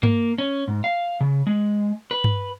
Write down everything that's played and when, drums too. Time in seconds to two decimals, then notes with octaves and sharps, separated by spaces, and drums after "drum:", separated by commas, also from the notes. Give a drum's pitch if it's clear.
0.03 A#3, drum: tom G2
0.38 C#4
0.68 G#2
0.84 F5
1.21 C#3
1.47 G#3
2.11 B4
2.24 drum: tom G2